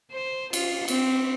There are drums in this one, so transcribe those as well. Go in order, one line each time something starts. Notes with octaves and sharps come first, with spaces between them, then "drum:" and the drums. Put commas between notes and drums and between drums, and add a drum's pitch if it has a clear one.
C5
F4, drum: cymbal
C4, drum: cymbal